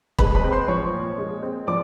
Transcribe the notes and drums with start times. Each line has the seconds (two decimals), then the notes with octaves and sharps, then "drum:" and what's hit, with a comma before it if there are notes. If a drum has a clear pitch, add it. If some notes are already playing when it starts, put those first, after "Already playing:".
0.19 G#3 B4 B5, drum: kick
0.35 B4 B5
0.44 C4
0.52 C5 C6
0.68 F3 C#5 C#6
0.93 A#2
1.18 G#3
1.43 C4
1.67 F3 D5 D6